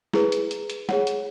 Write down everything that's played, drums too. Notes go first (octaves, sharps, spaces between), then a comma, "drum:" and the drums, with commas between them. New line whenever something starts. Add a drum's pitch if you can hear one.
E4 G#4 B4, drum: snare
drum: hi-hat
drum: hi-hat
drum: hi-hat
G#4 C#5 F#5, drum: snare
drum: hi-hat